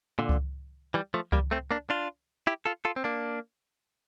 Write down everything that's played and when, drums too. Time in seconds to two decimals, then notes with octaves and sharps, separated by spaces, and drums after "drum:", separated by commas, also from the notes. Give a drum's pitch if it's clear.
0.19 A#2 D3
0.29 drum: kick C#2
0.94 E3 G3
1.14 F3 A3
1.32 G3 A#3, drum: kick C#2
1.51 A3 C4
1.71 A#3 D4
1.90 D4 F4
2.47 E4 G4
2.66 F4 A4
2.85 F4 A4
2.96 C4
3.04 A#3 D4